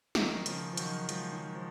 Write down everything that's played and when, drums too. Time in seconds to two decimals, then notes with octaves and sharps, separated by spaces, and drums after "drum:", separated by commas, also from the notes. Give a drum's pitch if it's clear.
0.15 D#3, drum: snare
0.46 C#3 F3, drum: hi-hat
0.73 F3
0.77 D#3 F#3, drum: hi-hat
1.09 F3 G#3, drum: hi-hat
1.33 D#3 F#3
1.55 F3